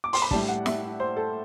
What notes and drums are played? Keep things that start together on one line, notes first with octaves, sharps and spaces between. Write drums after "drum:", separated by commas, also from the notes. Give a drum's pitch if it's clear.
D6
C6, drum: open hi-hat
B5
A2 G3 D4 A5, drum: kick
F#5
E5, drum: snare
C5
A4